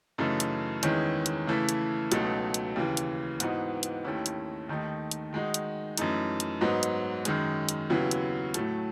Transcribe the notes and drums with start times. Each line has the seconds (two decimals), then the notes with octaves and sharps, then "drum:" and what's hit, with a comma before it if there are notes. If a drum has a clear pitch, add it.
0.18 F#2 C#3 E3 A3 D#4
0.40 drum: hi-hat
0.83 E2 D#3 G#3 C#4 E4, drum: hi-hat
1.26 drum: hi-hat
1.47 C#3 E3 A3 E4
1.69 drum: hi-hat
2.12 C#2 B2 F#3 A3 D#4, drum: hi-hat
2.54 drum: hi-hat
2.76 D#2 C#3 E3
2.97 drum: hi-hat
3.40 G#2 E3 B3 D#4 F#4, drum: hi-hat
3.83 drum: hi-hat
4.04 D#2 D#3 A3 C#4 E4
4.26 drum: hi-hat
4.69 D#2 D#3 A3 D#4
5.11 drum: hi-hat
5.33 D#3 G#3 D#4 F#4
5.54 drum: hi-hat
5.97 F#2 E3 A3 D#4, drum: hi-hat
6.40 drum: hi-hat
6.61 G#2 F#3 B3 D#4
6.83 drum: hi-hat
7.25 F#2 D#3 G#3, drum: hi-hat
7.69 drum: hi-hat
7.90 D#2 C#3 F#3 B3 E4
8.11 drum: hi-hat
8.54 A2 F#3 A3, drum: hi-hat